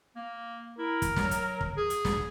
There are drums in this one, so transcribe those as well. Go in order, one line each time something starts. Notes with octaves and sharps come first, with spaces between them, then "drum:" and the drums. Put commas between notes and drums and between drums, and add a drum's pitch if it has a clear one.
A#3
E4 A#4
drum: kick, hi-hat
F#3, drum: snare
drum: hi-hat
drum: kick
G#4
drum: hi-hat
drum: snare